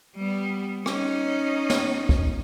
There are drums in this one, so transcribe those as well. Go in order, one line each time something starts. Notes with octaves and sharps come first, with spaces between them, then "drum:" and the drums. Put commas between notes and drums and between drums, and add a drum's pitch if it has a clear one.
G3 B3
C#4 D#4, drum: rim click
drum: snare
drum: kick